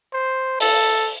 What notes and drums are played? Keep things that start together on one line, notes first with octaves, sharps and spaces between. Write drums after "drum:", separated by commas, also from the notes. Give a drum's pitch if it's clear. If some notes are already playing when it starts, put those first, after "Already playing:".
C5
A4, drum: open hi-hat